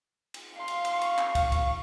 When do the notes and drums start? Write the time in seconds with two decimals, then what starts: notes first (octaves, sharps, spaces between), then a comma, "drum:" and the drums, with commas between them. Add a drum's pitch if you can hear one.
0.34 drum: cymbal
0.57 F5 C6
0.68 drum: cymbal
0.85 drum: cymbal
1.01 C#6, drum: cymbal
1.18 drum: clap
1.35 drum: kick, cymbal
1.52 drum: kick, cymbal